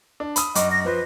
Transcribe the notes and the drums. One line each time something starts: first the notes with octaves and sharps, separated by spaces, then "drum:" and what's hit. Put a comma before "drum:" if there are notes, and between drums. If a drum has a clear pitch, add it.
D4
B5 D#6, drum: hi-hat
F#2 D#5 C#6 D6, drum: hi-hat
A#6
F3 B4 C5